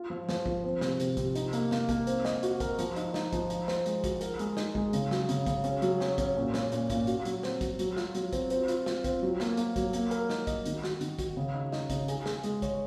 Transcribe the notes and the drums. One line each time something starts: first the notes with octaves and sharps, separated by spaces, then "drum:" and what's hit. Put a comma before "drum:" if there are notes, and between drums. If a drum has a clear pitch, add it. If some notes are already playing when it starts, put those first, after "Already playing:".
Already playing: F4
F3
F3, drum: snare
F3, drum: kick
C4
C3, drum: snare
C3, drum: hi-hat
C3, drum: kick, hi-hat
D#4, drum: hi-hat
A#3, drum: hi-hat
A#3, drum: snare
A#3, drum: kick, hi-hat
C4, drum: hi-hat
D#5, drum: snare
F#4, drum: hi-hat
A#4, drum: kick, hi-hat
F3, drum: hi-hat
D#4, drum: hi-hat
D#4, drum: snare
F3, drum: kick, hi-hat
D#4, drum: hi-hat
C5, drum: snare
G#3, drum: hi-hat
F#4, drum: kick, hi-hat
A#4, drum: hi-hat
G#3, drum: hi-hat
D#4, drum: snare
G#3, drum: kick
C#3, drum: hi-hat
F#3, drum: snare
C#3, drum: hi-hat
C#3, drum: kick, hi-hat
C#4, drum: hi-hat
F#3, drum: hi-hat
C#4, drum: snare
C#4, drum: kick, hi-hat
A#2
C#4, drum: snare
A#2, drum: hi-hat
A#2, drum: kick, hi-hat
F#4, drum: hi-hat
F#3, drum: hi-hat
C4, drum: snare
F#3, drum: kick, hi-hat
F#3, drum: hi-hat
F4, drum: snare
F#3, drum: hi-hat
C4, drum: kick, hi-hat
C4, drum: hi-hat
F4, drum: hi-hat
F4, drum: snare
C4, drum: kick, hi-hat
F#3
A#3, drum: snare
A#3, drum: hi-hat
F#3, drum: kick, hi-hat
A#3, drum: hi-hat
A#4, drum: hi-hat
D#4, drum: snare
D#5, drum: kick, hi-hat
D#3, drum: hi-hat
F#4, drum: snare
D#3, drum: hi-hat
F#4, drum: kick, hi-hat
C#3
D#4
D#4, drum: snare
C#3, drum: kick, hi-hat
G#4, drum: hi-hat
G#4, drum: snare
G#3, drum: hi-hat
C#5, drum: kick, hi-hat